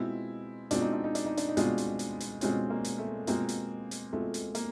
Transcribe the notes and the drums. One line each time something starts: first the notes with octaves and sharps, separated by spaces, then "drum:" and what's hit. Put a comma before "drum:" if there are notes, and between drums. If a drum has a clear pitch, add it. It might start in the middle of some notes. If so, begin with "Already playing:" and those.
Already playing: B2 G#3 C4 E4 F4
B2 G#3 C4 D4 F4, drum: hi-hat
D#4
D4
D#4
D4, drum: hi-hat
D#4
D4, drum: hi-hat
D#4
B2 G#3 C4 D4 F4, drum: hi-hat
drum: hi-hat
drum: hi-hat
drum: hi-hat
B2 G#3 C4 C#4 F4, drum: hi-hat
A#3
drum: hi-hat
A3
B2 G#3 A#3 C4 F4, drum: hi-hat
drum: hi-hat
drum: hi-hat
B2 G#3 A3 C4 F4
drum: hi-hat
A#3, drum: hi-hat